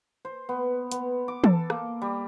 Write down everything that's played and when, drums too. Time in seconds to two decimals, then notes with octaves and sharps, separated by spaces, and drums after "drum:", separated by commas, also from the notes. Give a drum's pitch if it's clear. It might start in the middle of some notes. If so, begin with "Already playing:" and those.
0.25 C5
0.49 B3
0.92 B3, drum: hi-hat
1.28 D6
1.44 A4, drum: tom E3
1.70 A#3, drum: rim click
2.02 G3